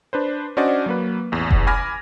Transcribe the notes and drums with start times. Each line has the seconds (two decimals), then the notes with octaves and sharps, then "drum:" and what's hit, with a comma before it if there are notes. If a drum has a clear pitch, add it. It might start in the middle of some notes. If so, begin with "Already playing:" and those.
0.13 D4 B4 C5
0.57 C#4 D4 F#4 C5 D5 D#5
0.86 F#3 A#3 B4
1.32 A1 E2
1.51 drum: kick F1
1.67 G#5 B5 D6 F6 G#6 A#6